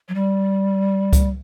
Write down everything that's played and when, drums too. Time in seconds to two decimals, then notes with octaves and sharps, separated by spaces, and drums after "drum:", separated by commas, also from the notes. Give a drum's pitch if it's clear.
0.09 F#3
0.15 G3
1.13 drum: kick C#2, hi-hat